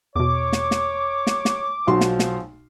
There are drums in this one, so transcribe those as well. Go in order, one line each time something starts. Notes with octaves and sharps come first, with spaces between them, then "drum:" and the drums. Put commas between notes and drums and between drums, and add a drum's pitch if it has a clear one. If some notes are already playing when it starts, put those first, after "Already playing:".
E2 B2 C#5 D6
drum: snare
drum: snare
drum: snare
drum: snare
B1 F3 F#4 C6
drum: snare
drum: snare